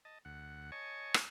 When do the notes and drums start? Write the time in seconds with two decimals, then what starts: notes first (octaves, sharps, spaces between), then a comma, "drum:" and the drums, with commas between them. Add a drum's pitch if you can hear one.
0.05 D#5 A5
0.25 D2 F#5
0.72 C#5 D#5 G#5 A5 C#6
1.14 drum: rim click